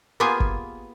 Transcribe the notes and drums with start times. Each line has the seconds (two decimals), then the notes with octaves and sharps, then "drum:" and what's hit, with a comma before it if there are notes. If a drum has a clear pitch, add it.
0.20 A#3 B3 F4 G4 G#4 G#5
0.40 drum: kick G#1